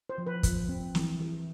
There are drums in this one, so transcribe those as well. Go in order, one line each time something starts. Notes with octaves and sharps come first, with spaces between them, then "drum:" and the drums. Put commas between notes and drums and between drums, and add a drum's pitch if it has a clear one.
C5
F3
B4
F3, drum: kick, hi-hat
C4
E3, drum: snare
E3